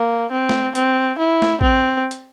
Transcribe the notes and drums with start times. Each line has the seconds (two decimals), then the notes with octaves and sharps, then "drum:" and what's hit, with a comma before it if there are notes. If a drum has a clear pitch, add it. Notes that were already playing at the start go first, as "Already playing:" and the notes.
Already playing: A#3
0.31 C4
0.49 drum: snare
0.75 C4, drum: hi-hat
1.18 E4
1.42 drum: snare
1.61 C4, drum: kick A1
2.11 drum: hi-hat